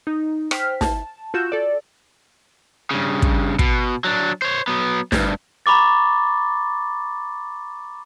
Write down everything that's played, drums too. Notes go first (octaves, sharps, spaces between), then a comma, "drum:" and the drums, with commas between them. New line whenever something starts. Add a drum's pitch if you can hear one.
D#4
C5 G5 F6 B6, drum: rim click
A5, drum: snare
F4 F#4 E6 G6 E7
A4 D5
G2 C#3
drum: kick
B2, drum: kick
F#3 D4
C5 C#5
F#3 B3
D2 G2, drum: snare
A#5 B5 C#6 D6 A6